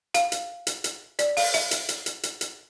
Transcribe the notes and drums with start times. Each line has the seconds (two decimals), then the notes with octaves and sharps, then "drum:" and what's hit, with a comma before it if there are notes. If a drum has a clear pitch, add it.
0.14 F5, drum: hi-hat
0.32 drum: hi-hat
0.67 drum: hi-hat
0.84 drum: hi-hat
1.19 D5, drum: hi-hat
1.37 F5, drum: open hi-hat
1.54 E5, drum: hi-hat
1.71 drum: hi-hat
1.89 drum: hi-hat
2.06 drum: hi-hat
2.23 drum: hi-hat
2.41 drum: hi-hat